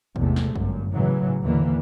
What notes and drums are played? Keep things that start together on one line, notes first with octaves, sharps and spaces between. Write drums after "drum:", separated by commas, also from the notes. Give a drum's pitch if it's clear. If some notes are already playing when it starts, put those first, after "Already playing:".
E2 C3 G#3 A3, drum: kick
drum: snare
G1 F#2, drum: kick
A2 C#3 E3 F#3
D#2 D3 E3 A#3